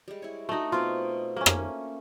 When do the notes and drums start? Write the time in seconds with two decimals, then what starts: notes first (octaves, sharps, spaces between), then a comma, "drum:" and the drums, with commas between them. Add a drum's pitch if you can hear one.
0.08 G3 G#3
0.22 E4 C#5
0.49 A3 D4 D#4 F#4
0.72 B2 C4 F4 F5
1.37 A3 A#3 C#4
1.46 drum: rim click